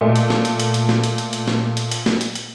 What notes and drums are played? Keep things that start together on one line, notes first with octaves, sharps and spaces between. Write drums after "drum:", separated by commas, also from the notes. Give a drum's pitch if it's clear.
A#2 A3
drum: hi-hat
drum: snare
drum: hi-hat
drum: hi-hat
drum: hi-hat
drum: snare
drum: hi-hat
drum: hi-hat
drum: hi-hat
drum: snare
drum: hi-hat
drum: hi-hat
drum: snare
drum: hi-hat
drum: hi-hat